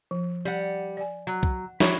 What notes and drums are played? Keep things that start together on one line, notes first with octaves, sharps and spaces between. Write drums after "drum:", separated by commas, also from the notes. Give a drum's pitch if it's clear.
F3
G3 F#5
D5 G#5
F#3
drum: kick
F3 E4 F#4 C#5 A#5, drum: snare